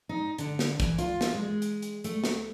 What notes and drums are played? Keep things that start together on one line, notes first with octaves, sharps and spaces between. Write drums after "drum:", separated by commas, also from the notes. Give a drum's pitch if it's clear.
D#4
D3, drum: hi-hat
drum: snare
E3, drum: kick, hi-hat
F4, drum: hi-hat
drum: snare
G#3
drum: hi-hat
drum: hi-hat
A3, drum: hi-hat
drum: snare